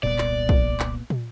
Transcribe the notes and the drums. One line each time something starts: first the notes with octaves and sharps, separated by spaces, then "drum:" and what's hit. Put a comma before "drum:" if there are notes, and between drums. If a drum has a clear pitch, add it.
D#1 C2 A#2 B3 D5
drum: clap
drum: kick
drum: clap
drum: tom